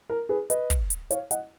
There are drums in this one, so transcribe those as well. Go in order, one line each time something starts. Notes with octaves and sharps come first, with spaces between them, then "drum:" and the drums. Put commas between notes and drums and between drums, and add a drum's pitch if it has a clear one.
A#4
G#4 B4
B4 D#5, drum: hi-hat
drum: kick, hi-hat
drum: hi-hat
C#5 F5, drum: hi-hat
D#5 F#5, drum: hi-hat